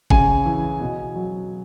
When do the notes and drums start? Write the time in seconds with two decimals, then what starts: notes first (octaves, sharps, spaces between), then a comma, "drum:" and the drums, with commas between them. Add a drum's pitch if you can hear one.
0.10 C#3 G#5, drum: kick
0.46 E3
0.81 B2
1.16 F#3